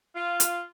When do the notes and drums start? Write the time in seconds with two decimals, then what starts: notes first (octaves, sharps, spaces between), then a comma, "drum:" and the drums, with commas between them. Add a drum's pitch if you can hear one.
0.15 F4
0.40 drum: hi-hat